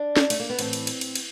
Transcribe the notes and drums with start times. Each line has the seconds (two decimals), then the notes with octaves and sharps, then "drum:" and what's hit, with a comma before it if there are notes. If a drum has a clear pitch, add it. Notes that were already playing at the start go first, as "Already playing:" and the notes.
Already playing: D4
0.16 drum: snare
0.30 A3, drum: cymbal
0.40 A#3
0.50 B3
0.59 A2 E3 C4, drum: cymbal
0.73 drum: cymbal
0.87 drum: cymbal
1.01 drum: cymbal
1.15 drum: cymbal